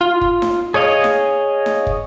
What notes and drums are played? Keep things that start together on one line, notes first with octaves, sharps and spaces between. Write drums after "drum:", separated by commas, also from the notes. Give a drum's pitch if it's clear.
F4
drum: kick
drum: snare D#4
G#4 C#5 D#5 F5
drum: snare D#4
drum: snare D#4
drum: kick